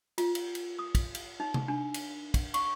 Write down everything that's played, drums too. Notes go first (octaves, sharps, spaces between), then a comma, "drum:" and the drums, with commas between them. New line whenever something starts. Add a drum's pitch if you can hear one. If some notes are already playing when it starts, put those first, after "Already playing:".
F4, drum: cymbal
drum: cymbal
drum: cymbal
D#6
drum: kick, cymbal
drum: cymbal
D#4
drum: tom
D4
drum: cymbal
drum: kick, cymbal
C#6, drum: cymbal